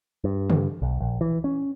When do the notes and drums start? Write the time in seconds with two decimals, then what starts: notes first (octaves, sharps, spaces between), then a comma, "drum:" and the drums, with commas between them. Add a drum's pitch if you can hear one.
0.24 G2
0.50 drum: tom C#3
0.82 B1
1.00 A#1
1.21 E3
1.44 C#4